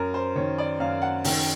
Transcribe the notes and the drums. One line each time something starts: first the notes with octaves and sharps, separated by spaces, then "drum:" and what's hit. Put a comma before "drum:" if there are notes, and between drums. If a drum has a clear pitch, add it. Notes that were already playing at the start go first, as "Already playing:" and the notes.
Already playing: F#2 A#4
C5
D#3 C#5
D5
F#2 F5
F#5
D#3 G5, drum: open hi-hat